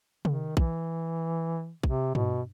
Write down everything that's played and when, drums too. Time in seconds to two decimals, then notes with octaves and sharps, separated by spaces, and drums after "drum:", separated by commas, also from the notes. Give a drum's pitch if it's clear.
0.25 D#3, drum: tom C3
0.57 E3, drum: kick
1.83 C3, drum: kick
2.15 B2, drum: tom G2